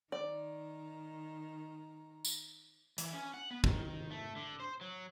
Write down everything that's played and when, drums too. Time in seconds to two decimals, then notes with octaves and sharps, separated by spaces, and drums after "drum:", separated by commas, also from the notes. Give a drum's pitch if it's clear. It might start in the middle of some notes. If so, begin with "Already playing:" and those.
0.12 D#3 D5 A#5
2.25 drum: tambourine
2.98 E3, drum: hi-hat
3.13 C#4
3.34 F#5
3.51 B3
3.64 D#3, drum: kick
4.10 A3
4.36 D3
4.60 C5
4.81 F#3